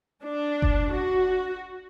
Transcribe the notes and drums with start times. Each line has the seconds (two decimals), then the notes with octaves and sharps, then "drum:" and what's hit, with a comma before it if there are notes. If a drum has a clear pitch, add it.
0.23 D4
0.62 drum: kick F#1
0.92 F#4